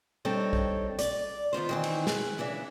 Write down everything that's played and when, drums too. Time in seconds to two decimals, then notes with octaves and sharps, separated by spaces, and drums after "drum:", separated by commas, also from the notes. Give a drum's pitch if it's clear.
0.25 G3 C4 D4 D#4 A4 C#5
0.53 drum: kick
0.99 D5, drum: hi-hat
1.53 D#3 B3 F4 C5
1.69 D#3 E3 C4
1.84 drum: cymbal
2.07 G#4 B4, drum: snare
2.38 C#3 E3 D4 E5